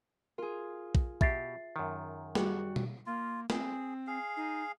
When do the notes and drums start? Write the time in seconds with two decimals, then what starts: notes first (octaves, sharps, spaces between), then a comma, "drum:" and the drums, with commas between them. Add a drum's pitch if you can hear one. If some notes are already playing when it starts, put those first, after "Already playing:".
0.38 F4 G#4 A#4
0.95 drum: kick
1.21 B2 G4 E5 A6 C7, drum: kick
1.76 F#2 D#3
2.35 G3 F#4 G#4, drum: snare
2.76 drum: tom B2
3.06 A#3 F4
3.50 C4 G#4, drum: snare
4.07 G#4 F5
4.37 D#4